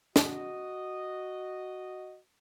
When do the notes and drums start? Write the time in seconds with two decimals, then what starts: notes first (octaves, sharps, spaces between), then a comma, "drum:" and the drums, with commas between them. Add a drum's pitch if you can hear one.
0.16 F#4 D#5, drum: snare